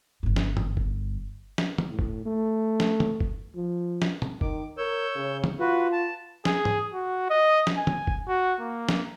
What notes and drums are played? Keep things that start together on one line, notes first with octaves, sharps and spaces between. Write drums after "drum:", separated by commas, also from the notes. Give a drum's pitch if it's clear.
G1 G2
drum: snare
drum: tom
drum: kick
drum: snare
drum: tom
A2
drum: kick
A3
drum: snare
drum: tom
drum: kick
F3
drum: snare
drum: tom
D#3 D6, drum: kick
A#4 C#5 E6 G6
C#3
drum: tom
F4 F#4 B4
A5
G#4, drum: snare
drum: tom
F#4
D#5
drum: snare
G#5
drum: tom
drum: kick
F#4
A#3
drum: snare